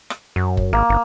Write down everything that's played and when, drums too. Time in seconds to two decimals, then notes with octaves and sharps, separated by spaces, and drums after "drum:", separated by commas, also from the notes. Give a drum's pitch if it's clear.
0.10 drum: rim click
0.36 F#2
0.57 drum: kick F#1
0.73 G#1 A#3
0.89 G1